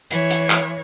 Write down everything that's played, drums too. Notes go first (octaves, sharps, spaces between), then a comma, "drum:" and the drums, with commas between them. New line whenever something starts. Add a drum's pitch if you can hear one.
E3 C#5, drum: hi-hat
drum: hi-hat
drum: clap